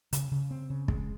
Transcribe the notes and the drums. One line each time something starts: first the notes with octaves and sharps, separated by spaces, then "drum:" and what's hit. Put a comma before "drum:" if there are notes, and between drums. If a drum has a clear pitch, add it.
C#3, drum: hi-hat
C#3
C4
C#3
G#3, drum: kick